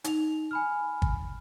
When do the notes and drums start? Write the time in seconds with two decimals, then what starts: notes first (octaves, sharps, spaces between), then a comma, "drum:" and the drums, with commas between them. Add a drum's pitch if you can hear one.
0.04 D#4 F7, drum: hi-hat
0.51 G#5 B5 F6
1.02 drum: kick